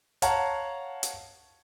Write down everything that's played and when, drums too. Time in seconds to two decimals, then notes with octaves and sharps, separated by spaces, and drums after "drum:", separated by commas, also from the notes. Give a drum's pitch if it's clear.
0.22 C#5 F5 F#5 A5 A#5, drum: hi-hat
1.03 drum: hi-hat